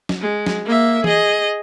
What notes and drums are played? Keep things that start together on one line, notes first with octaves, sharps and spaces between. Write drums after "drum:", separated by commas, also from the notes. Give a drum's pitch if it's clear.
drum: snare
G#3
drum: snare
A#3 E5
G#4 D#5, drum: tom E3